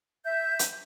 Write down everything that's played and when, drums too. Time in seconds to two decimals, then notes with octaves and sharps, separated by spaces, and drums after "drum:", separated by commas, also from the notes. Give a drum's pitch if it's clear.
0.24 E5 G6
0.59 drum: hi-hat